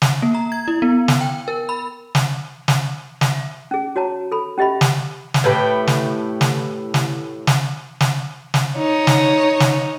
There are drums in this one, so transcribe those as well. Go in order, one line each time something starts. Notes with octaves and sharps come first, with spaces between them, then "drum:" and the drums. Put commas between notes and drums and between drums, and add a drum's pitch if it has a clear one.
drum: snare
A#3
A#5
G#6
E4
B3
drum: snare
G5
A#4
B5
drum: snare
drum: snare
E5, drum: snare
C#4 G#4
F#4 C#5 A5 A#5
A4 B5
C#4 G4 D#5 E5 B5
drum: snare
drum: snare
A2 G4 B4 G5
drum: snare
drum: snare
drum: snare
drum: snare
drum: snare
drum: snare
D#4 C#5
drum: snare
drum: snare